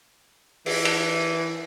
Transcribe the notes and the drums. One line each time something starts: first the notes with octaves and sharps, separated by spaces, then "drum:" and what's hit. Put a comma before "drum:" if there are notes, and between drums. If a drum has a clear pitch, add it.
E3, drum: open hi-hat
drum: cymbal